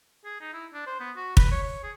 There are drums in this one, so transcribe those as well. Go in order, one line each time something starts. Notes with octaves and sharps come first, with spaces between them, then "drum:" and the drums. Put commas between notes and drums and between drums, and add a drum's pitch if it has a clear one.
G#4
D#4
E4
D4
C5
B3
F#4
B4, drum: kick
C#5
C#5
G#4